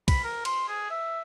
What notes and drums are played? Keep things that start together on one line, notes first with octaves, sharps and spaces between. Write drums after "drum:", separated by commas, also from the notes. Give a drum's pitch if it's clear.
B5, drum: kick, cymbal
A#4
C6, drum: cymbal
G#4
E5